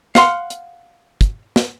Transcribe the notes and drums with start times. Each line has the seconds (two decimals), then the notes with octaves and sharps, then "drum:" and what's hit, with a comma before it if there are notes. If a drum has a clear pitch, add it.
0.15 F5 F#5 C6, drum: snare
0.50 drum: hi-hat
1.21 drum: kick, hi-hat
1.56 drum: snare